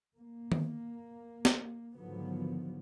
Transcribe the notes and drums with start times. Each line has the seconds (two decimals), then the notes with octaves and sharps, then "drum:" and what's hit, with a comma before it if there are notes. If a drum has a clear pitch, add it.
0.19 A#3
0.52 drum: tom D#3
1.45 drum: snare
1.98 G#2 D3 D#3 F3 F#3 B3